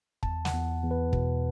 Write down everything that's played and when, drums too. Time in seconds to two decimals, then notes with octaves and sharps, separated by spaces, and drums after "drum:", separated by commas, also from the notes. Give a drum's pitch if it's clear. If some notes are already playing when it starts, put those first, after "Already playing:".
0.23 E2 A5, drum: kick
0.45 F#5, drum: snare
0.53 E2
0.83 E2
0.91 B4
1.13 B2, drum: kick